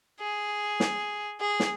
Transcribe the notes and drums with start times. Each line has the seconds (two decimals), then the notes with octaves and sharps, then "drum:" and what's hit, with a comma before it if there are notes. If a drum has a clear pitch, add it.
0.20 G#4
0.80 drum: snare
1.40 G#4
1.60 drum: snare